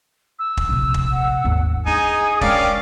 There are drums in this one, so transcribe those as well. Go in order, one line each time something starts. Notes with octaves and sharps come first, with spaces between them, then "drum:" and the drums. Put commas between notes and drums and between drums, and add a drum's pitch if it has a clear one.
E6
drum: kick
A#1 C3
drum: kick
F#5
G#1 D#2
D4 D#4 G#4 G#5 D#6 D#7
G#3 C#4 D4 A#4 D5 F5 G5, drum: kick